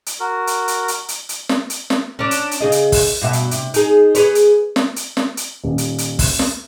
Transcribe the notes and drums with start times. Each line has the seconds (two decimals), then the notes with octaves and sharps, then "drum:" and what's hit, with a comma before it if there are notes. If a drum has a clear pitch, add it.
0.06 drum: hi-hat
0.20 F#4 A#4
0.47 drum: hi-hat
0.68 drum: hi-hat
0.88 drum: hi-hat
1.08 drum: hi-hat
1.29 drum: hi-hat
1.49 drum: snare
1.70 drum: hi-hat
1.90 drum: snare
2.19 C#4 D4
2.31 drum: hi-hat
2.51 drum: hi-hat
2.60 C#3 G#4 D#5
2.72 drum: hi-hat
2.92 drum: kick, open hi-hat
3.21 G2 B2 E5
3.33 drum: hi-hat
3.51 C3, drum: hi-hat
3.74 D#4 G#4, drum: hi-hat
4.15 G#4 B4 C#5, drum: hi-hat
4.35 drum: hi-hat
4.76 drum: snare
4.96 drum: hi-hat
5.17 drum: snare
5.37 drum: hi-hat
5.64 D#1
5.78 drum: hi-hat
5.98 drum: hi-hat
6.19 drum: kick, open hi-hat
6.39 drum: snare